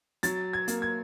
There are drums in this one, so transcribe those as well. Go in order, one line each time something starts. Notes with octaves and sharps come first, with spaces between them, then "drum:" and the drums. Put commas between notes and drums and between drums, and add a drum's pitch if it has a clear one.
F#3 A6, drum: hi-hat
G#6
A#3, drum: hi-hat
G#6